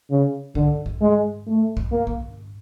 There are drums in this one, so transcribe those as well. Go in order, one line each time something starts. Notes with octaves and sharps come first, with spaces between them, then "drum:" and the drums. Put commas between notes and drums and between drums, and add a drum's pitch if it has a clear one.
C#3
D3, drum: kick
drum: kick
G#3
A3
drum: kick
A#3
drum: kick